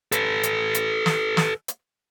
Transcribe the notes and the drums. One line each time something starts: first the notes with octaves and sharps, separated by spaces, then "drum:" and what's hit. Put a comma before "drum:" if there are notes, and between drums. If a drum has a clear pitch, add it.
A4 B4, drum: hi-hat
drum: hi-hat
drum: hi-hat
drum: snare
drum: snare
drum: hi-hat